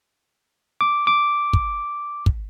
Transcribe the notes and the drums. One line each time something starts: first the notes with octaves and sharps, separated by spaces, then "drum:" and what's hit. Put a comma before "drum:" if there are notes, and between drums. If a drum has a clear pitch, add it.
D6
D6
drum: kick
drum: kick